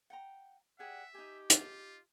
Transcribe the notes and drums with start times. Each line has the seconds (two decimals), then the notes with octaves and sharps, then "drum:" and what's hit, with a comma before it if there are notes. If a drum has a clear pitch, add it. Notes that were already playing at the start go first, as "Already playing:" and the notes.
0.10 F#5 G5 A#5
0.79 G4 G#4 D5 E5 F#5
1.15 D#4 G4 G#5
1.50 F4, drum: hi-hat